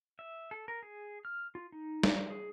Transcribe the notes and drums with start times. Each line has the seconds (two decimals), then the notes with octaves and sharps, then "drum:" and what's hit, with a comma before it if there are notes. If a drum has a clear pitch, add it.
0.19 E5
0.51 A4
0.68 A#4
0.83 G#4
1.25 F6
1.55 F4
1.72 D#4
2.03 drum: snare
2.30 G#4